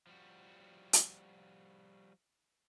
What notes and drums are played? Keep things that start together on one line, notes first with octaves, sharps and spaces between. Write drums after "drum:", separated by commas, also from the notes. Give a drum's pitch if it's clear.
F3 G3 F#4
drum: hi-hat